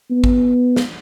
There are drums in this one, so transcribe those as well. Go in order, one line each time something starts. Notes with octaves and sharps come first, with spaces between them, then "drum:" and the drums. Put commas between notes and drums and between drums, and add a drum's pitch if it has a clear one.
B3
drum: kick G#1
drum: snare